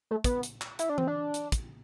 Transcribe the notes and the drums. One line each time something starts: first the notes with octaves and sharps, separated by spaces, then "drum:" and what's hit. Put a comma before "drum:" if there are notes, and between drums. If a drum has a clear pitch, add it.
A3
B3, drum: kick, hi-hat
drum: hi-hat
drum: clap
E4, drum: hi-hat
D4
C4, drum: tom E3
D4
drum: hi-hat
drum: kick, hi-hat